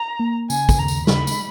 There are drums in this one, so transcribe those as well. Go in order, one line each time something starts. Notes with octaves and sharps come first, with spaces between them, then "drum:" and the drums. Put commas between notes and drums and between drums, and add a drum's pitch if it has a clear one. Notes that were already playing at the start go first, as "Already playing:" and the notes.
Already playing: A#5
A#3
C#3 G#5, drum: tambourine
drum: kick, tambourine
D#2 A#5
drum: tambourine
C#3 B5, drum: snare
drum: tambourine